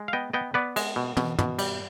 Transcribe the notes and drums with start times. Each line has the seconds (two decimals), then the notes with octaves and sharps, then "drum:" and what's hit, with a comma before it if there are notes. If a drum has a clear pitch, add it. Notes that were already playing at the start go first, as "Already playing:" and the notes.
Already playing: G#3
0.08 F5
0.13 B3 D#5 G5
0.33 B3 D#5 G5
0.54 B3 B4 D5
0.76 G#3, drum: cymbal
0.96 B2
1.17 B2, drum: tom
1.39 B2, drum: tom
1.59 G3, drum: cymbal